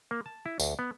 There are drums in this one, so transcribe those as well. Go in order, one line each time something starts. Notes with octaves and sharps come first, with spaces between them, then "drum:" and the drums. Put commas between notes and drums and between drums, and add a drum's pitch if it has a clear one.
A#3
A5
E4
D2, drum: tambourine
B3